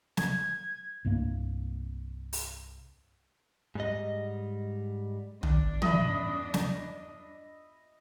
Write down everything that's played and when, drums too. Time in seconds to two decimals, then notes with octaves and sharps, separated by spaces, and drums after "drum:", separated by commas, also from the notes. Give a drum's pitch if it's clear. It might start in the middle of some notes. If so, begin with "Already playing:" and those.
0.17 G#6, drum: snare
1.05 C2 G2 A3 A#3
2.33 drum: open hi-hat
3.75 G#2 G3 D#5
5.43 E2 G2 D4, drum: tom
5.82 D#5 E5 B5, drum: tom
6.54 drum: snare